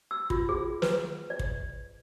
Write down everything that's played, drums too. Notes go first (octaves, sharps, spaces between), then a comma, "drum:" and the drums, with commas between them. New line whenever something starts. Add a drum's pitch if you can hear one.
E6
F4, drum: kick
G#4
B4, drum: snare
D5
drum: kick